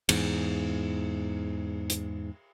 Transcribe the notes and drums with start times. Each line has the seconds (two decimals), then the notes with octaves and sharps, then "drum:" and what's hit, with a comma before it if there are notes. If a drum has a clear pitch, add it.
0.09 E2 G#2, drum: cymbal
1.90 drum: hi-hat